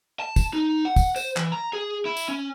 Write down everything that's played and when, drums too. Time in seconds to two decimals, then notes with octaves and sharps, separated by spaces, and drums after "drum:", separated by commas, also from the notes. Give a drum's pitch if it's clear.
0.20 A5
0.36 drum: kick, tambourine
0.53 D#4
0.85 F#5
0.96 drum: kick, tambourine
1.16 C5, drum: tambourine
1.36 E3, drum: clap
1.52 A#5
1.73 G#4
2.05 E4
2.17 drum: tambourine
2.28 C#4